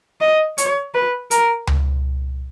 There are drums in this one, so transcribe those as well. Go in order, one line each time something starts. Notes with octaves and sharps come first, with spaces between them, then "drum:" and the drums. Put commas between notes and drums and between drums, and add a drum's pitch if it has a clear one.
D#5
C#5, drum: hi-hat
B4
A#4, drum: hi-hat
drum: tom C#2